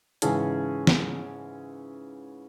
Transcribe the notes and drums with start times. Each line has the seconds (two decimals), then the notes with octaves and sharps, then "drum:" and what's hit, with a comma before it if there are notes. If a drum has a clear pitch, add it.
0.22 G#2 C#3 E3 C#4 G#4 A5, drum: hi-hat
0.87 drum: snare